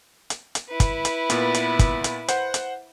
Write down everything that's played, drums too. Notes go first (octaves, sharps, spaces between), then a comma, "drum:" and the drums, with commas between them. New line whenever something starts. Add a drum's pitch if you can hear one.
drum: hi-hat
drum: hi-hat
E4 B4
drum: kick, hi-hat
drum: hi-hat
A#2 B3, drum: hi-hat
drum: hi-hat
drum: kick, hi-hat
drum: hi-hat
C5 F#5, drum: hi-hat
drum: hi-hat